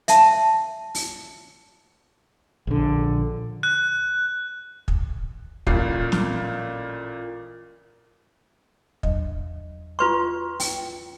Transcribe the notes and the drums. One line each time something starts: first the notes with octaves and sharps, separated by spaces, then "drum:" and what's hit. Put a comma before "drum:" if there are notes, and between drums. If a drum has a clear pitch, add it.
E5 A5, drum: hi-hat
drum: open hi-hat
A#1 D3
F#6
drum: kick
A1 A#2 C7, drum: kick
drum: snare
E2 F#3 D#5, drum: kick
F4 B4 C6 C#6
G5, drum: open hi-hat